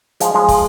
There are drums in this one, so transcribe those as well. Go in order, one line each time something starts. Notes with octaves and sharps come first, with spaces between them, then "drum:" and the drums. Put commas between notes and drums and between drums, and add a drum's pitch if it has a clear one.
F3 G#3, drum: hi-hat
F3 G#3
drum: kick, open hi-hat